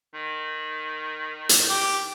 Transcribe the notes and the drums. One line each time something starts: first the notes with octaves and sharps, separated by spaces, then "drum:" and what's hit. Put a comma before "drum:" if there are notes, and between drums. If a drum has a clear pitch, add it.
D#3
drum: hi-hat
G4 G5 D6